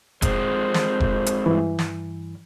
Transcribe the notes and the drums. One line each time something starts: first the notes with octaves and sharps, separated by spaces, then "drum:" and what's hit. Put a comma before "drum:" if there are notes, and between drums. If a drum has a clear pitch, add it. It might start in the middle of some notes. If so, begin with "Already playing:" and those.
F2 G#3 C4 C5, drum: kick F1, hi-hat
drum: snare
drum: kick F1
drum: hi-hat
G2 E3
drum: snare